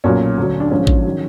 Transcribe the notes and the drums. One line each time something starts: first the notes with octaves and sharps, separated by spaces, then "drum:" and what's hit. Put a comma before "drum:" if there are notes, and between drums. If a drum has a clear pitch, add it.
B1 A#2 F#3 C#4
D2 D3 F#3
D4
A#1 G#2 F3 C#4
drum: kick A1
D#3 F#3